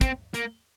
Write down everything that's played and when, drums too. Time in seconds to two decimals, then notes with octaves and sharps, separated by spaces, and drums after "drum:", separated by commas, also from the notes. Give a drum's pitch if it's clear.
0.01 C4, drum: kick, hi-hat
0.34 A#3, drum: hi-hat